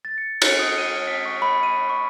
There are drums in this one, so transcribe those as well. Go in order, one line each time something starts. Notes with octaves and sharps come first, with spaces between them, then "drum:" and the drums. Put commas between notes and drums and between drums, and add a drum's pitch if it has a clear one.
A6
C#7
C#7, drum: cymbal
D#6
D#7
B6
C#6
B5
D#7
C#6